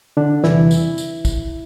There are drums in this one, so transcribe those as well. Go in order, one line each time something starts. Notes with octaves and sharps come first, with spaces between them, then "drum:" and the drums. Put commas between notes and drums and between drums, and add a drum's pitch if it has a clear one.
D3 D4
E2 C3 E3 G3 E4, drum: snare
drum: tambourine
drum: tambourine
drum: kick, tambourine